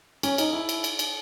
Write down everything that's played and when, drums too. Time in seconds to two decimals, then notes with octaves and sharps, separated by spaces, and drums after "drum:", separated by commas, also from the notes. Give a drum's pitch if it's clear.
0.23 C#4, drum: cymbal
0.38 D#4, drum: cymbal
0.53 E4
0.69 drum: cymbal
0.84 drum: cymbal
0.99 drum: cymbal